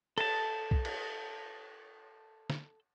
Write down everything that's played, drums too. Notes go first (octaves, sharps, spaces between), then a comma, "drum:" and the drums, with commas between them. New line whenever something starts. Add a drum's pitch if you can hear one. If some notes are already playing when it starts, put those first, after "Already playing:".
A4 A5, drum: cymbal
drum: kick B1
drum: cymbal
drum: snare